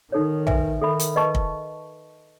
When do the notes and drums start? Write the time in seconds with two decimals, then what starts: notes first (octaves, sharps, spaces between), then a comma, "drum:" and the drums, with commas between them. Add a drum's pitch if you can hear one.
0.12 D#3 D#4 A4 C#5
0.47 B4 E5 G#5, drum: tom
0.81 D#3 A4 E5 B5
1.00 drum: hi-hat
1.16 B4 D#5 A5 C#6
1.35 drum: kick